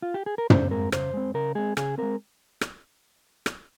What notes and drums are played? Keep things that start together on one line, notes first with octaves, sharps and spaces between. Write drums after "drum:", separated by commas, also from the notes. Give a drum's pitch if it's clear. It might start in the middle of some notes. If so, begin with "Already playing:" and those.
F4
G4
G#4
A#4
C#3 C5, drum: tom
G#3 C4 A#4
C#3 C5, drum: rim click
G#3 C4
C#3 A#4
G#3 C4 G#4
C#3 G#4, drum: rim click
G#3 C4 A#4
drum: rim click
drum: rim click